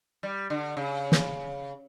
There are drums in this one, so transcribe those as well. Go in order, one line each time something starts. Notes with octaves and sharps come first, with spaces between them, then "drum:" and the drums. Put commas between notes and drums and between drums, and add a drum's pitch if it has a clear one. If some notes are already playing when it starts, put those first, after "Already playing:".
G3
D3
C#3
drum: snare